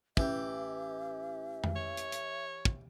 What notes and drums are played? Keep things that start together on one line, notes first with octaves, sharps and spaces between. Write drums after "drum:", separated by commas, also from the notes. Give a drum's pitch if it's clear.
A1 E3 G4 E5, drum: kick
drum: tom F2
C#5
drum: hi-hat
drum: hi-hat
drum: kick